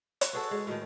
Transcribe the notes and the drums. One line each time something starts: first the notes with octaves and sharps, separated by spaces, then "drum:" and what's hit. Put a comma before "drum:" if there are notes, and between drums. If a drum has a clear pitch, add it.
C6, drum: hi-hat
F#4 G#4 A4 B4 F#5
G#3 F#4 G#4
A2 D#3 F#4 D#5 C#6